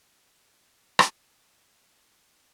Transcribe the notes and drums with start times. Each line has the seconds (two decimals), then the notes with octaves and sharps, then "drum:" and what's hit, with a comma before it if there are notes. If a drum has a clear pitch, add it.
0.16 B3
0.57 C4
0.99 drum: rim click
1.32 B2
2.04 F#3